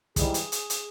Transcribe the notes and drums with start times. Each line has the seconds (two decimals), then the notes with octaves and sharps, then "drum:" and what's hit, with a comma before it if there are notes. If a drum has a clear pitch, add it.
0.16 G#2 E3 G3 G#4, drum: kick, hi-hat
0.34 drum: hi-hat
0.52 drum: hi-hat
0.70 drum: hi-hat